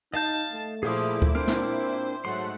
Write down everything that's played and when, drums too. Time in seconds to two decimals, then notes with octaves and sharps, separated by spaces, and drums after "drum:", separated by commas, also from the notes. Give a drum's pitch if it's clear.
0.14 D#4 D#5 F5 A5 G6
0.53 A3
0.83 A#2 F3 E4 G#4 F5 D6 D#6
1.22 drum: kick D2
1.35 C4 D4 A#4 C5
1.48 drum: snare
2.25 G#2 F#3 A3 F#5 C6